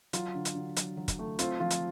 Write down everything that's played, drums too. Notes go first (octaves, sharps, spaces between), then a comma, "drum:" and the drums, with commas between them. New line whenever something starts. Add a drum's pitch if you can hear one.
F#3 F4, drum: hi-hat
D3
drum: hi-hat
D3
F#3, drum: hi-hat
F#3
drum: kick, hi-hat
A3
C4 F4, drum: hi-hat
F3 F4
drum: hi-hat